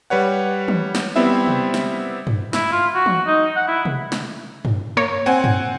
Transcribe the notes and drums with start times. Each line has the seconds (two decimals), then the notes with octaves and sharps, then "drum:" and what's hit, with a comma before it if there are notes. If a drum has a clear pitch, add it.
0.10 G3 B4 C#5 F#5
0.68 drum: tom
0.95 drum: snare
1.16 G3 B3 C4 E4 C5 E5
1.47 drum: tom
1.74 drum: snare
2.27 drum: tom
2.53 E4, drum: snare
2.72 F4
2.95 F#4
3.06 drum: tom
3.27 D#4
3.56 F#5
3.68 E4
3.85 drum: tom
4.12 drum: snare
4.65 drum: tom
4.97 A#3 C#5 A#5
5.26 C4 F#5 G#5
5.44 drum: tom